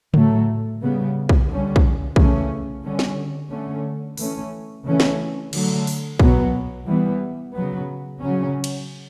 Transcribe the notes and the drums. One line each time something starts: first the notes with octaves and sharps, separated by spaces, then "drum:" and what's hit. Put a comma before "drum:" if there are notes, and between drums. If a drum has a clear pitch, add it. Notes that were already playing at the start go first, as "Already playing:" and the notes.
A2 F#3 A3, drum: tom C#3
C#3 G3 B3
drum: kick
D3 G3 C#4
drum: kick
C#3 E3 A3 C#4, drum: kick
D3 G3 C#4
drum: snare
D3 A3 C#4
E3 A3 C#4, drum: open hi-hat
C#3 E3 A3 C#4
drum: snare
D3 F#3 A3, drum: cymbal
drum: open hi-hat
B2 F#3 B3, drum: kick
E3 G3 B3
C#3 F#3 B3
C#3 F#3 C#4
drum: cymbal